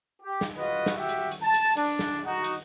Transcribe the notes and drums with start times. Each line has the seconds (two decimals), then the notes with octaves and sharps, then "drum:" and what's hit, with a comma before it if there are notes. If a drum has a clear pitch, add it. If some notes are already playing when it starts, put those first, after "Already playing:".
0.22 G4
0.41 drum: snare
0.58 F4 F#4 B4 D#5
0.86 drum: snare
0.96 F#4 G4 E5
1.09 drum: hi-hat
1.31 drum: hi-hat
1.42 A5
1.54 drum: hi-hat
1.77 D4, drum: hi-hat
1.99 drum: snare
2.26 D#4 F#4
2.44 drum: hi-hat